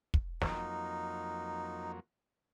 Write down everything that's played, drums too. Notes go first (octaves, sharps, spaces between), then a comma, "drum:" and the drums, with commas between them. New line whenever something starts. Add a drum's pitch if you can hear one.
drum: kick
F2 F#3 A#3 D#4, drum: snare